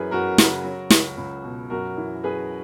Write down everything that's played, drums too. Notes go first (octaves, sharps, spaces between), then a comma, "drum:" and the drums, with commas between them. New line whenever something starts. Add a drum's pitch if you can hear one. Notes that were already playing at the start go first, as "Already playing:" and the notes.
Already playing: F#2 E3 G#4 A#4 B4
F#2 F#4 A#4
C#3, drum: snare
F#3
C#2, drum: snare
C#2
B2
F#2 F#4 A#4
E3
F#2 G#4 B4